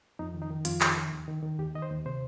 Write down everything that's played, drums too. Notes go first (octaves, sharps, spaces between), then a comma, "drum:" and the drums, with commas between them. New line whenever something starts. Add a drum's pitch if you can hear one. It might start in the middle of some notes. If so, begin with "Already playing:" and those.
F2 D#4
D#3
D#4
D#3
F2 F4, drum: hi-hat
D#3, drum: clap
D#3
D#2
D#3
D#3
D#2 G4
D#3 D#5
C5
D#2
C3 C5